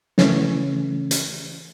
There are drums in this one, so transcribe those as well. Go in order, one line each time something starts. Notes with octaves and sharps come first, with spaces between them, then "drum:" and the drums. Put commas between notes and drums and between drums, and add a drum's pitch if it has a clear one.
C#3 E3 A3 C#4, drum: snare
drum: hi-hat